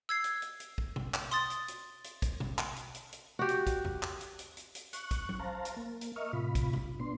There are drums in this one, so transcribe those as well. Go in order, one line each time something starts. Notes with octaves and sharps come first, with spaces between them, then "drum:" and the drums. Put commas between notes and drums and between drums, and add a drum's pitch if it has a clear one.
E6 G#6 C7
drum: hi-hat
drum: hi-hat
drum: hi-hat
drum: kick
drum: tom B2
drum: clap
C6 D#6 A6, drum: hi-hat
drum: hi-hat
drum: hi-hat
drum: hi-hat
drum: kick, hi-hat
drum: tom B2
drum: clap
drum: hi-hat
drum: hi-hat
drum: hi-hat
F#4 G4
drum: hi-hat
drum: kick, hi-hat
drum: tom E2
drum: clap
drum: hi-hat
drum: hi-hat
drum: hi-hat
drum: hi-hat
C#6 F#6, drum: hi-hat
drum: kick, hi-hat
drum: tom F#3
C5 F5 A5 A#5
drum: hi-hat
A#3
drum: hi-hat
A#4 D#5 E5 C#6 F6
A2 C3 F4 B5
drum: kick, hi-hat
drum: tom B2
B2 B3 D4 C6